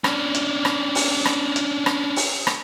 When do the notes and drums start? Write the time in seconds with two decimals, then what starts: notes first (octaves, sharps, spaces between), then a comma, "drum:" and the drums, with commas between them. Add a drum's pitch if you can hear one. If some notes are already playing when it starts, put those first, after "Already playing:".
0.04 C#4 D4, drum: rim click
0.34 drum: hi-hat
0.65 drum: rim click
0.95 drum: open hi-hat
1.25 drum: rim click
1.56 drum: hi-hat
1.86 drum: rim click
2.16 drum: open hi-hat
2.47 drum: rim click